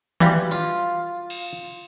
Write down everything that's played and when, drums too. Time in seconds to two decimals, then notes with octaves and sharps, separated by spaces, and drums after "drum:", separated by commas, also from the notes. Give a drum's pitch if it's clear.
0.20 E3 G3 F#4 F5 D6, drum: tom D#3
0.51 F4
1.30 drum: cymbal